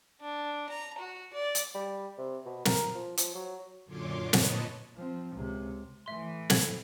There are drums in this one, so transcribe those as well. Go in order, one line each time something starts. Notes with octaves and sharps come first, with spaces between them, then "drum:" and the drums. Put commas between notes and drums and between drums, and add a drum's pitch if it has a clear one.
D4
A#5
F#4
D5
drum: hi-hat
G3
C3
B2
A#4, drum: snare
F3
F3, drum: hi-hat
F#3
F#2 A#2 D3 C#5 C6 D6
A#2 B4 C#5 D#5 A5, drum: snare
F3 C4
C#2 C3
A2 E3 E5 C6
A4 G#6, drum: snare